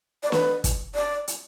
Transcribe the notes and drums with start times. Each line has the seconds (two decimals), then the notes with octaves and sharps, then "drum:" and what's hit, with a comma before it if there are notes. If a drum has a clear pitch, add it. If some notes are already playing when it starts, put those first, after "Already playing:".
0.23 D5
0.32 B4, drum: snare
0.64 drum: kick, hi-hat
0.95 D5
1.28 drum: hi-hat